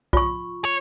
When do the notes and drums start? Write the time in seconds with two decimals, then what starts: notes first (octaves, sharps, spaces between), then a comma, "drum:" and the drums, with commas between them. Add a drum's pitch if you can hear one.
0.13 F4 C#6, drum: kick B1
0.65 C#5